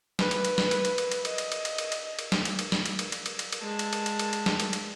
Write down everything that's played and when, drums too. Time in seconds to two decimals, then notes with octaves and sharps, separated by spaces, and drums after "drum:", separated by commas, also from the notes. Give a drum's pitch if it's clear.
0.19 B4, drum: snare
0.31 drum: cymbal
0.45 drum: cymbal
0.58 drum: snare
0.71 drum: cymbal
0.85 drum: cymbal
0.98 drum: cymbal
1.11 drum: cymbal
1.25 D#5, drum: cymbal
1.38 drum: cymbal
1.52 drum: cymbal
1.65 drum: cymbal
1.78 drum: cymbal
1.92 drum: cymbal
2.19 drum: cymbal
2.32 drum: snare
2.45 drum: cymbal
2.59 drum: cymbal
2.72 drum: snare
2.86 drum: cymbal
2.99 drum: cymbal
3.12 drum: cymbal
3.26 drum: cymbal
3.39 drum: cymbal
3.52 drum: cymbal
3.62 G#3 A5
3.79 drum: cymbal
3.93 drum: cymbal
4.06 drum: cymbal
4.19 drum: cymbal
4.33 drum: cymbal
4.46 drum: snare
4.60 drum: cymbal
4.73 drum: cymbal